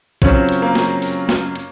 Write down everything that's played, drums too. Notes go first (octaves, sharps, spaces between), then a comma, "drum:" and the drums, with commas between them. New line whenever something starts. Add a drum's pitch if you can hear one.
F#2 C#3 F#3 C4 C#4 F4, drum: kick
drum: hi-hat
A#3
drum: snare
drum: open hi-hat
drum: snare
drum: hi-hat